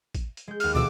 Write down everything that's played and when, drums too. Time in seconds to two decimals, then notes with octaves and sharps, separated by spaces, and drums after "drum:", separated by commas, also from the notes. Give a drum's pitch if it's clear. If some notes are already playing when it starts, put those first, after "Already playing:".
0.15 drum: kick, hi-hat
0.37 drum: hi-hat
0.48 G#3 G6
0.60 D#2 F6 F#6, drum: open hi-hat
0.74 D2 B2 D3 E3 D6 E6